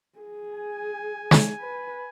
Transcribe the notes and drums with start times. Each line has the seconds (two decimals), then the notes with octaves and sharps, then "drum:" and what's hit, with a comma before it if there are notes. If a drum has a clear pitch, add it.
0.18 G#4
0.54 G#5
1.31 drum: snare
1.60 B4